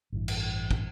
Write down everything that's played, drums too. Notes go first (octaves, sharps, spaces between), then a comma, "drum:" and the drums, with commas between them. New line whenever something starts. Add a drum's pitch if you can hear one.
A1 G2 E3
drum: cymbal
drum: kick